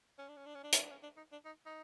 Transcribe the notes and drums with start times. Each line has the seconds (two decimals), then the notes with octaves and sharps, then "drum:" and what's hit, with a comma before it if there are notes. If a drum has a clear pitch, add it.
0.18 C#4
0.28 D4
0.36 C#4
0.46 D4
0.55 C#4
0.63 D4
0.73 C#4, drum: hi-hat
0.81 D4
0.90 C#4
1.03 D4
1.17 D#4
1.32 D4
1.45 D#4
1.66 D#4